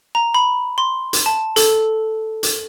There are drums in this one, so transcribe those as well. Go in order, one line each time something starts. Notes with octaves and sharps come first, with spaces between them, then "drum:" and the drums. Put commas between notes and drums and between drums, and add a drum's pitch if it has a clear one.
A#5
B5
C6
drum: hi-hat
A5
A4, drum: hi-hat
drum: hi-hat